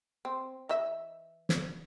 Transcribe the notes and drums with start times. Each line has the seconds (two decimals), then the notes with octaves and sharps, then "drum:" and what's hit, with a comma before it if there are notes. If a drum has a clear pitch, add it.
0.25 C4
0.69 E3 D#5 E5
1.49 drum: snare